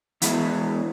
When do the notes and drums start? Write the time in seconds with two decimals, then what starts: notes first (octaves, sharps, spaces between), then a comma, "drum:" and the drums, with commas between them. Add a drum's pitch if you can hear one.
0.22 E3 G#3 B3 E4 G#4 E5, drum: hi-hat